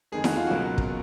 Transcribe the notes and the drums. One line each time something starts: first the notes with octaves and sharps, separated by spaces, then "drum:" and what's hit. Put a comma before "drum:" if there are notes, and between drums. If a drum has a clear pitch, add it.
F2 D#3 G#3 G#4
F#4, drum: snare E4
F4
C#2 B2 F#3 A#3 F#4
drum: kick